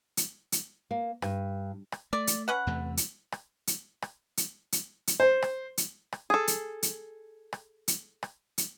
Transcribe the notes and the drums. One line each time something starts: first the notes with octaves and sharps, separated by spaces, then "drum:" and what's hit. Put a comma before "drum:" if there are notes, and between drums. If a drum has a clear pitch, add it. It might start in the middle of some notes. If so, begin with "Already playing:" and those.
drum: hi-hat
drum: hi-hat
A#3
G2, drum: rim click
drum: rim click
A3 D5
drum: hi-hat
C#4 B4 F#5
E2 C3 A3
drum: hi-hat
drum: rim click
drum: hi-hat
drum: rim click
drum: hi-hat
drum: hi-hat
drum: hi-hat
C5
drum: rim click
drum: hi-hat
drum: rim click
G#4 A4
drum: hi-hat
drum: hi-hat
drum: rim click
drum: hi-hat
drum: rim click
drum: hi-hat